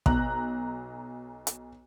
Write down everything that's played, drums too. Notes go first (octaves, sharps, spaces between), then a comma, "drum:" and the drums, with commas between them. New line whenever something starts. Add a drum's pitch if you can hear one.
B1 A#5 F#6, drum: kick
drum: hi-hat